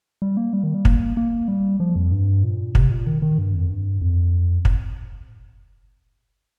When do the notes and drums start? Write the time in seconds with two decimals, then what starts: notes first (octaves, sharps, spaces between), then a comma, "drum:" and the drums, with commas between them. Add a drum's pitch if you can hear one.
0.22 G3
0.37 A#3
0.53 G3
0.64 D#3
0.74 G3
0.85 A#3, drum: kick
1.17 A#3
1.48 G3
1.80 F3
1.96 F2
2.12 G2
2.43 A#2
2.75 C3, drum: kick
2.91 A#2
3.07 D#3
3.22 D#3
3.38 G2
3.54 F2
3.69 G2
4.02 F2
4.65 drum: kick